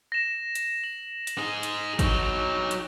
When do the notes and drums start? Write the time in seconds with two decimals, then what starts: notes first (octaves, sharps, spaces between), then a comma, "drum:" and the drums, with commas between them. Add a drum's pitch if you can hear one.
0.12 A#6 E7
0.55 drum: hi-hat
0.84 F#7
1.27 drum: hi-hat
1.38 D#4 G#4
1.63 drum: hi-hat
1.99 F#3 D#4, drum: kick G#1, hi-hat
2.71 drum: hi-hat